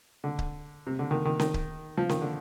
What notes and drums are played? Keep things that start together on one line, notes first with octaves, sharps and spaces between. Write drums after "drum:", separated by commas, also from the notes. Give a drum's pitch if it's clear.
D3
drum: kick C#1
C3
D3
D#3
D#3
D#3, drum: snare C#4
drum: kick C#1
F3
D#3, drum: snare C#4
D3